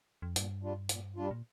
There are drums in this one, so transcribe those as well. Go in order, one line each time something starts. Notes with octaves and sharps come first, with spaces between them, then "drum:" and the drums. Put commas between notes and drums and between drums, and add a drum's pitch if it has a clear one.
F2
G2 A#2, drum: hi-hat
G3 D4 F4
A#2, drum: hi-hat
G3 D4 F4
A#2